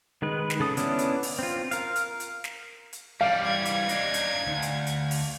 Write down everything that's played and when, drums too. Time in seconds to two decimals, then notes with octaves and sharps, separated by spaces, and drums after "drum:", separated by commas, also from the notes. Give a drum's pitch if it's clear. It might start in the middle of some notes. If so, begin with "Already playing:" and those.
0.22 D#3 G#3 B4
0.50 drum: snare
0.60 C#3 A4 D#6
0.77 B3 C#4 D4 E4, drum: hi-hat
0.99 drum: hi-hat
1.23 drum: open hi-hat
1.39 C4 F4
1.71 A#4 F5, drum: hi-hat
1.96 drum: hi-hat
2.20 drum: hi-hat
2.44 drum: snare
2.93 drum: hi-hat
3.21 E3 G3 D5 F5
3.49 G#6
3.65 drum: hi-hat
3.89 D4 D#4, drum: hi-hat
4.14 drum: hi-hat
4.46 D2
4.62 drum: hi-hat
4.87 drum: hi-hat
5.11 drum: open hi-hat